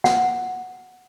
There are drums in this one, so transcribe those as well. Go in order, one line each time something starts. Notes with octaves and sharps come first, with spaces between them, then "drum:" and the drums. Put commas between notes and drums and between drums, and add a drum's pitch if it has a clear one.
F#5, drum: snare